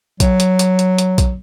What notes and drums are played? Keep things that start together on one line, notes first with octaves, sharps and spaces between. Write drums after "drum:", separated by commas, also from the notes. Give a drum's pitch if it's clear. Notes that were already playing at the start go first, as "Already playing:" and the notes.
F#3, drum: kick A#1, hi-hat
drum: hi-hat
drum: hi-hat
drum: hi-hat
drum: hi-hat
drum: kick A#1, hi-hat